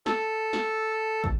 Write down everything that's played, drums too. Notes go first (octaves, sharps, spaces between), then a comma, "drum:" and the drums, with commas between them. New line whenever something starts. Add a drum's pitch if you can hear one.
A4, drum: snare
drum: snare
drum: kick